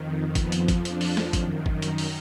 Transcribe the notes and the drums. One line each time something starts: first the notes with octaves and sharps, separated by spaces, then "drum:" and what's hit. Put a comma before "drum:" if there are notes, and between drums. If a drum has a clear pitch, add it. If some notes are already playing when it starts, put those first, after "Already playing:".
Already playing: F2 D#3
F2 F3 B3, drum: kick, hi-hat
drum: hi-hat
drum: kick, hi-hat
D4, drum: hi-hat
drum: open hi-hat
drum: snare
F#2 D#3, drum: kick, hi-hat
drum: kick
D#4, drum: hi-hat
drum: open hi-hat